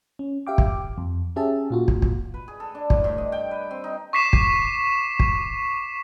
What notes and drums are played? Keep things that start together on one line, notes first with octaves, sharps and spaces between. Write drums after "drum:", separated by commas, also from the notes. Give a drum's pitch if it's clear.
C#4
G4 E5 F5 G5 D6
drum: kick
F2
C#4 G4 G#4 E5 A5
A#2 F4 F#4
drum: kick
drum: kick
B4
G#4
A4
D4
A2, drum: kick
G2
D#5
G5
B4
C4
D#4
C#6 D6 B6 C7 E7
drum: kick
drum: kick